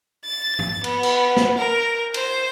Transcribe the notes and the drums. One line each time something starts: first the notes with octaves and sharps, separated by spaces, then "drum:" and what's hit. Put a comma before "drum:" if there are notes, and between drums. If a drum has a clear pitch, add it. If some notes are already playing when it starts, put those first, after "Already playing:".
A6
drum: tom
B3, drum: cymbal
drum: cymbal
drum: snare
A#4
C5, drum: cymbal